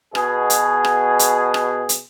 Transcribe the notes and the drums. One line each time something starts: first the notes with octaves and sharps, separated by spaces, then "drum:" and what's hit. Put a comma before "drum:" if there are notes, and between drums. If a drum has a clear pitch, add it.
B2 G#4, drum: rim click
drum: hi-hat
drum: rim click
drum: hi-hat
drum: rim click
drum: hi-hat